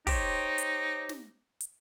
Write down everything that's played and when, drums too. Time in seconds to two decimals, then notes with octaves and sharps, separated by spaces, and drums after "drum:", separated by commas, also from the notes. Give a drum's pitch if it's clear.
0.07 D#4 G4 C5 C#5, drum: kick, open hi-hat
0.58 drum: hi-hat
1.09 drum: snare
1.60 drum: hi-hat